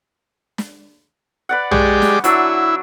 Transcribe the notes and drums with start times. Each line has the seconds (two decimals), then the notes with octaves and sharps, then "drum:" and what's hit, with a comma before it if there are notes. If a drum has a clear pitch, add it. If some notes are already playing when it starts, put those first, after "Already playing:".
0.58 drum: snare
1.49 B4 D5 F#5
1.71 G#3 G4 D5 C#6, drum: tom A#1
2.02 drum: snare
2.24 F#3 D4 E4 E5, drum: hi-hat